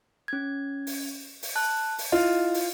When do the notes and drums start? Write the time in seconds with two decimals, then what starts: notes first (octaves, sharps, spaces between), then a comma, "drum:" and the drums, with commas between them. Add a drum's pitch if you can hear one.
0.28 C#4 G#6
0.87 drum: open hi-hat
1.43 drum: open hi-hat
1.56 A5 F#6
1.98 drum: open hi-hat
2.12 E4 F4 D#5
2.54 drum: open hi-hat